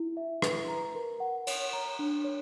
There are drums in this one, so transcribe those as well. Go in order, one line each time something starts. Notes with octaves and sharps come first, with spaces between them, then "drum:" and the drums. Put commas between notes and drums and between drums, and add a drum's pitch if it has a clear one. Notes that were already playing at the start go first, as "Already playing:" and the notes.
Already playing: E4
E5
B4, drum: rim click
A#5
A#4
F#5
C#5, drum: cymbal
A#5
D4
C#5